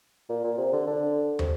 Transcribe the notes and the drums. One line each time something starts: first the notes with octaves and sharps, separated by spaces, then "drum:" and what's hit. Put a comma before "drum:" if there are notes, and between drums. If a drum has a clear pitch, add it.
A#2
A#2
C3
D3
D3
C3, drum: tom